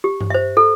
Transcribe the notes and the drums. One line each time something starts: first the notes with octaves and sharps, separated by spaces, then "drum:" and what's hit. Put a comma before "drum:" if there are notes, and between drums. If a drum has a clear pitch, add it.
G4
drum: tom G2
C5 E5
A4